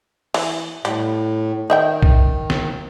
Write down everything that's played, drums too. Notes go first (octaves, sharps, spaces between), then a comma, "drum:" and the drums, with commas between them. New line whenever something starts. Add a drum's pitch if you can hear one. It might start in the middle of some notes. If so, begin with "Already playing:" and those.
E3, drum: open hi-hat
A2 G3, drum: hi-hat
D#3 D#4 E5 G5
drum: kick B1
drum: snare